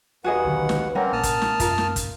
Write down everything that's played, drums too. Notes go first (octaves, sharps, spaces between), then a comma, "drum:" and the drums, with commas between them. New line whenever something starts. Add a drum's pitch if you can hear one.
D#2 F#4 G#4 B4 D#5 F#5
B1 D3 D#3
drum: snare
G3 A#3 C4 C#4 A#4 F#5
A#1 A#3 A5 D#6 F6
drum: kick, hi-hat
drum: snare
F#2 F4 A#4, drum: kick, hi-hat
drum: snare
drum: kick, hi-hat